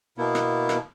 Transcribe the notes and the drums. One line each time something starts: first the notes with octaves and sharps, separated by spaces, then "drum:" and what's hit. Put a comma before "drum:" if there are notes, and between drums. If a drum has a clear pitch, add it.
B2 A#3 B3 E4
drum: rim click
drum: rim click